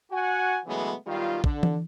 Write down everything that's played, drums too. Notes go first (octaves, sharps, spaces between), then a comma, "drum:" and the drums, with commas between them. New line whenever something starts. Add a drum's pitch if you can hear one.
F#4 F#5 G#5
C#3 E3 F#3 G#3 A3 B3
B1 D#3 G3 F4
D3, drum: kick
drum: tom E3